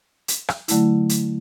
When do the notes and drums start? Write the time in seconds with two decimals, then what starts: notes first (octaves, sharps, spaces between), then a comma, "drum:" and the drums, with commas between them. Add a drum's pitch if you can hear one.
0.28 drum: hi-hat
0.48 drum: rim click
0.68 D3 F#3 A3 E4, drum: hi-hat
1.09 drum: hi-hat